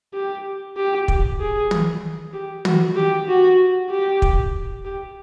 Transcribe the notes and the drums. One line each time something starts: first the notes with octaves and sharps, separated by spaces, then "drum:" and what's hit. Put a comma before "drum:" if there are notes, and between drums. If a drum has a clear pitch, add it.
G4
G4
drum: kick
G#4
drum: tom
G4
F#4, drum: tom
G4
F#4
G4
drum: kick
G4